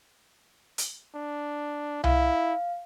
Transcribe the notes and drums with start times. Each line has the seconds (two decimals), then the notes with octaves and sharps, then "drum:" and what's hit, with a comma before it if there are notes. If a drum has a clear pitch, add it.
0.78 drum: hi-hat
1.15 D4
2.04 E4 F5, drum: tom C2